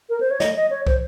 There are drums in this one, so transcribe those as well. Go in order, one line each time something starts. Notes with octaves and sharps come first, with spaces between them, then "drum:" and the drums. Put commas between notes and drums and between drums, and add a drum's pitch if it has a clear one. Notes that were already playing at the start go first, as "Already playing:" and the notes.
A#4
C5
C#5
D#5, drum: snare
D#5
C#5
C5, drum: kick